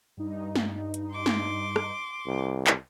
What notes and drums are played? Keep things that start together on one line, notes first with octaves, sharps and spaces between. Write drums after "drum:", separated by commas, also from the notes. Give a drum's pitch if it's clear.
G2 D#4
drum: snare
drum: hi-hat
C6 D6
drum: snare
drum: rim click
C2
drum: clap